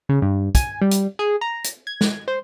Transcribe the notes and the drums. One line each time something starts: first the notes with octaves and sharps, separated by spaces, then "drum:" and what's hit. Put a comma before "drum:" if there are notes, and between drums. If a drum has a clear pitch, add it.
C#3
G2
G#5, drum: kick, hi-hat
G3
drum: hi-hat
G#4
A#5
drum: hi-hat
G#6
drum: snare
C5